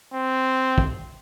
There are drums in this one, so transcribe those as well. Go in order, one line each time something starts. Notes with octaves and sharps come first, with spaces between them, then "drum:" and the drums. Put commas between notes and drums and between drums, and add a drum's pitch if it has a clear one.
C4
drum: kick